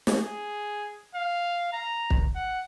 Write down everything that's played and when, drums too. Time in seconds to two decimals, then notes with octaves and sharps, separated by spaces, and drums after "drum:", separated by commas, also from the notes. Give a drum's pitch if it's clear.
0.07 drum: snare
0.18 G#4
1.15 F5
1.73 A#5
2.10 drum: kick
2.35 F#5